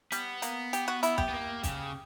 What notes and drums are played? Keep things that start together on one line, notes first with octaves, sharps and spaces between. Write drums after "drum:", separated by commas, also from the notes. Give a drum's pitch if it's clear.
G3 B3, drum: hi-hat
A#3, drum: hi-hat
G4, drum: hi-hat
F#4
E4, drum: hi-hat
G4, drum: kick
B3
A#3
C#3, drum: kick, hi-hat